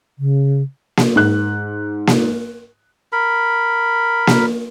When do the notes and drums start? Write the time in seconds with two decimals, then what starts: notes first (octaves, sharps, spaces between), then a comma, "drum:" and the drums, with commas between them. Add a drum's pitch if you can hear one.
0.19 C#3
0.97 drum: snare A#3
1.16 G#2 F#6
2.07 drum: snare A#3
3.13 A#4 B5
4.27 drum: snare A#3